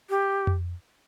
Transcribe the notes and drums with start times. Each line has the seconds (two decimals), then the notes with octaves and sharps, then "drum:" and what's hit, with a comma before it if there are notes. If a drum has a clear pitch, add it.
0.10 G4
0.47 drum: tom F2